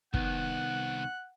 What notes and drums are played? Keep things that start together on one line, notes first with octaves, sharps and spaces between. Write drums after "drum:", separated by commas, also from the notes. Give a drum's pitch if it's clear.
C2 D#3 B3 F#5 F#6, drum: kick